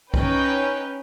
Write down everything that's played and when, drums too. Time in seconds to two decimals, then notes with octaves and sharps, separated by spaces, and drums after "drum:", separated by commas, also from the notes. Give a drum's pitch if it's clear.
0.14 C#4 D#4 B4 G5, drum: kick B1